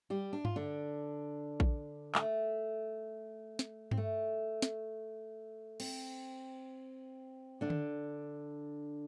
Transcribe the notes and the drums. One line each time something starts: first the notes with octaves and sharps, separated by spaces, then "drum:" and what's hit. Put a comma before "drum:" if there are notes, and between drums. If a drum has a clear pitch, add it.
G3 G4
D4
F4, drum: tom G2
D3 D4
drum: kick A#1
A3, drum: clap
drum: snare
C4, drum: tom G2
A3
drum: snare
C4, drum: cymbal
D3 D4
drum: tom D3